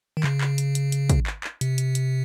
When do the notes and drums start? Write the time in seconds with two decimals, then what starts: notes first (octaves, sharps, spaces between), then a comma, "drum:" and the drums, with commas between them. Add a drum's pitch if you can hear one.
0.17 D#3
0.24 C#3, drum: clap
0.41 drum: clap
0.58 drum: hi-hat
0.75 drum: hi-hat
0.92 drum: hi-hat
1.09 drum: kick, hi-hat
1.27 drum: clap
1.44 drum: clap
1.61 C3, drum: hi-hat
1.78 drum: hi-hat
1.95 drum: hi-hat